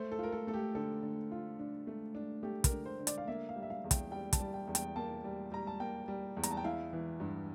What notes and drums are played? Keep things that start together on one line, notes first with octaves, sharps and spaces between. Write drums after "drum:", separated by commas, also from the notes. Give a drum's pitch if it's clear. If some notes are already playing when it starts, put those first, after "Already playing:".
Already playing: A3 C5
A4
F4 A#4
A4
A3 A4
G4
D3 A4
D3
F4
D4
A3
D4
A3 G4
A#4, drum: kick, hi-hat
D3
C5
D3
D5, drum: hi-hat
F5
A#3 E5
F5
G3
E5
F5
E2
G5, drum: kick, hi-hat
G3 G5
A5, drum: kick, hi-hat
G3
G5
E2
G5, drum: hi-hat
A#3 A5
G3
G3 A#5
A5
A#3 G5
G3
E2
A#5, drum: hi-hat
A5
G5
E4 F5
E3
G2